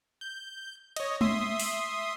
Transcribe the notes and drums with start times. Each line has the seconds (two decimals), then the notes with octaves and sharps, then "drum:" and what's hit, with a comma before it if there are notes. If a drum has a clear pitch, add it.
0.21 G6
0.96 C#5 D#5, drum: cymbal
1.21 E5 C6 D#6, drum: tom G#3
1.60 drum: open hi-hat